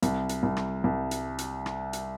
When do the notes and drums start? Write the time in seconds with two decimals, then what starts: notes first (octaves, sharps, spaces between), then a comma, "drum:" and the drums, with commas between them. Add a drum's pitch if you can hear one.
0.03 C2, drum: hi-hat
0.29 drum: hi-hat
0.43 C2
0.57 drum: rim click
0.84 C2
1.11 drum: hi-hat
1.39 drum: hi-hat
1.66 drum: rim click
1.93 drum: hi-hat